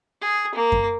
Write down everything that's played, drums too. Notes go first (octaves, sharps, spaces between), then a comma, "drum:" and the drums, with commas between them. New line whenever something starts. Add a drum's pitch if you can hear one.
G#4
A#3
drum: kick F#2